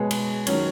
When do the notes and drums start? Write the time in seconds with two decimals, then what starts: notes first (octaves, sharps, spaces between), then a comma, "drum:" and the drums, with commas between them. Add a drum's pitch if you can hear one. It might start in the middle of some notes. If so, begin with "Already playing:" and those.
Already playing: B2 G#3 B3 G#4 C#5
0.11 drum: cymbal
0.47 D#3 F#3 C#4, drum: cymbal